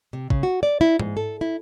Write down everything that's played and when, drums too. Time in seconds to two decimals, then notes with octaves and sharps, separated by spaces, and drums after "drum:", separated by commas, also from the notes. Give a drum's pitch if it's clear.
0.13 C3
0.30 C#3, drum: kick
0.43 F#4
0.63 D5
0.81 E4
1.00 G#2, drum: tom G#2
1.17 A4
1.41 E4